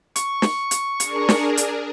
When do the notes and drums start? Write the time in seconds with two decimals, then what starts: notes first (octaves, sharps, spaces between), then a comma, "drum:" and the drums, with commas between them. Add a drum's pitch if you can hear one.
0.16 C#6, drum: hi-hat
0.42 drum: snare
0.71 drum: hi-hat
1.00 D4 G#4 A#4, drum: hi-hat
1.29 drum: snare
1.57 drum: hi-hat